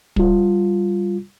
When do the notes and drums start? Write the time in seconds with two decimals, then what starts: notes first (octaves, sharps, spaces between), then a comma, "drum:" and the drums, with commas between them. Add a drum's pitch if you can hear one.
0.16 G3 F4, drum: kick